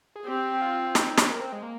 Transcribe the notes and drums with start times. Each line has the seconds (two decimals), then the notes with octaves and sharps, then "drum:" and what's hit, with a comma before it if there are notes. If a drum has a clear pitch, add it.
0.16 G#4
0.27 C4 G4
0.61 F4
0.86 F4
0.95 D#4, drum: snare
1.18 C#4, drum: snare
1.30 A#3
1.41 C4
1.52 G#3
1.63 A#3